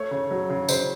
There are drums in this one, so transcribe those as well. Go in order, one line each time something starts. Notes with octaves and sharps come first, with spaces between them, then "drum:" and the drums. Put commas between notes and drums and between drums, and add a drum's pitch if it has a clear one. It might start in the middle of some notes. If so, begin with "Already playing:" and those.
Already playing: A3 C#5
C#3
F#3
C#3
C#3 C5, drum: tambourine